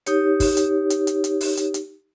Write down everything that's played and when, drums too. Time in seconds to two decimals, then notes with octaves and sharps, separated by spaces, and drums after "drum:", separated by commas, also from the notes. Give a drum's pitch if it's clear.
0.06 D#4 G4 C#5, drum: hi-hat
0.40 drum: kick, open hi-hat
0.57 drum: hi-hat
0.90 drum: hi-hat
1.07 drum: hi-hat
1.24 drum: hi-hat
1.41 drum: open hi-hat
1.57 drum: hi-hat
1.74 drum: hi-hat